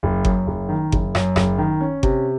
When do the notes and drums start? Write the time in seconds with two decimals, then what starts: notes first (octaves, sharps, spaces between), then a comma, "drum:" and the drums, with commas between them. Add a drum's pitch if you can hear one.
0.03 F#1
0.25 F#2, drum: kick G1
0.47 F#1
0.69 D#3
0.92 F#1, drum: kick G1
1.15 F#2, drum: rim click
1.36 F#1, drum: rim click
1.58 D#3
1.81 C#4
2.03 C3, drum: kick G1